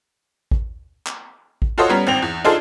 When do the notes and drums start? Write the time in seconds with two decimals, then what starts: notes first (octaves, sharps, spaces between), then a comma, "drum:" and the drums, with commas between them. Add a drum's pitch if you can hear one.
0.51 drum: kick A1
1.07 drum: clap
1.62 drum: kick A1
1.78 F4 F#4 A4 C5 C#5 D#5
1.89 G3 B3 C#4 A#5
2.07 G#1 C4 F7
2.22 E2
2.44 D4 D#4 F4 G#4 A4 C5